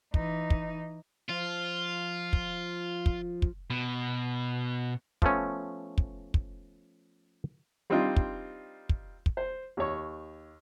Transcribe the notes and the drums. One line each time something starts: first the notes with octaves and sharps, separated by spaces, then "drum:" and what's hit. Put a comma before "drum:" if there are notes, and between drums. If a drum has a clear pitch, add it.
E3 D#4, drum: kick
drum: kick
F3 F4
drum: kick
drum: kick
drum: kick
B2
F3 A3 B3 C#4, drum: kick
drum: kick
drum: kick
G3 C4 D4 D#4 F4
drum: kick
drum: kick
drum: kick
C5
D#2 C#5